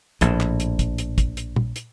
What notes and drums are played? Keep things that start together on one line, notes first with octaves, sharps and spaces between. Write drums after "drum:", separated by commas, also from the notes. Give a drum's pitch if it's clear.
A#1 A2, drum: hi-hat
drum: clap
drum: hi-hat
drum: kick, hi-hat
drum: hi-hat
drum: kick, hi-hat
drum: hi-hat
drum: tom
drum: hi-hat